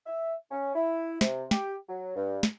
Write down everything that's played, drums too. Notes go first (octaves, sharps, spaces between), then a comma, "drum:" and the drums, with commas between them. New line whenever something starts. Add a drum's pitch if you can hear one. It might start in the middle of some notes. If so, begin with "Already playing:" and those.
E5
C#4
E4
C3, drum: snare
G4, drum: snare
F#3
G2
drum: snare